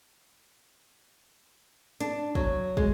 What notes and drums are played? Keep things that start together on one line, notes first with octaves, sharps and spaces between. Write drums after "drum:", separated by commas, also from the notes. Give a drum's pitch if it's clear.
D4, drum: hi-hat
F#3, drum: kick
G#3, drum: kick